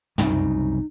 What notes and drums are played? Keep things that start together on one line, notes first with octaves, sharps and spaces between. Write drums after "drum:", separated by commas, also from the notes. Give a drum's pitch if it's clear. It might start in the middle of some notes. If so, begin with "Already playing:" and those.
C2 F#2 C#3 D#4, drum: tom